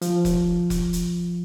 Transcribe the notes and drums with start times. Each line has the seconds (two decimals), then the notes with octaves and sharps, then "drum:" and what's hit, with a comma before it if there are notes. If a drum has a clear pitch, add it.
0.02 F3, drum: hi-hat
0.25 drum: kick F1, hi-hat
0.70 drum: kick F1, hi-hat
0.93 drum: hi-hat